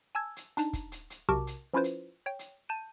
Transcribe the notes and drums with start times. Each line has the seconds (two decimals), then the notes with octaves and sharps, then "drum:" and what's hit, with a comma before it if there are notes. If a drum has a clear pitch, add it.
0.15 G#5 A5 E6 G#6
0.36 drum: hi-hat
0.57 D4 D#4 A5 A#5, drum: hi-hat
0.73 drum: kick, hi-hat
0.92 drum: hi-hat
1.10 drum: hi-hat
1.29 B1 C3 F#4 A#4 A5 D6
1.47 drum: hi-hat
1.74 F3 C#4 E4 F4 B4 C5
1.84 drum: hi-hat
2.26 C#5 G5
2.39 drum: hi-hat
2.69 A5 G6 D#7